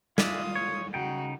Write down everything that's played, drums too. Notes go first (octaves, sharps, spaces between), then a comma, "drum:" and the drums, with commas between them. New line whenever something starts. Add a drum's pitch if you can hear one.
G#3 F4 D5 E5 D#6, drum: snare
C#5
C#3 D#4 F#4 G5